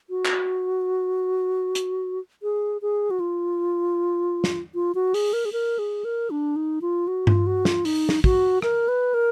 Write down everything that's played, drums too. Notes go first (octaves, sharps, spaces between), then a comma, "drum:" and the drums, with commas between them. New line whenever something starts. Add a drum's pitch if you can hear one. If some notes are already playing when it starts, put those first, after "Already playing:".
F#4
drum: clap
drum: hi-hat
G#4
G#4
F#4
F4
drum: snare
F4
F#4
G#4, drum: open hi-hat
A#4
G#4
A#4
G#4
A#4
D4
D#4
F4
F#4
F4, drum: tom G2
F#4
F4, drum: snare
D#4, drum: open hi-hat
drum: snare
F#4, drum: kick
A#4, drum: rim click
B4
A#4